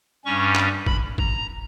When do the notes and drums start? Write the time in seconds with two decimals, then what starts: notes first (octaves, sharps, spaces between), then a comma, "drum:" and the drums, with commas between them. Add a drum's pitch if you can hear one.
0.25 G2 G3 C#4 C#6
0.56 drum: clap
0.87 B5, drum: kick
1.18 A#5, drum: kick